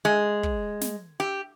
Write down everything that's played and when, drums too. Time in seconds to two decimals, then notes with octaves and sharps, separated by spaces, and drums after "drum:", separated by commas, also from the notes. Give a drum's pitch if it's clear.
0.05 G#3
0.43 drum: kick
0.81 drum: snare
1.20 G4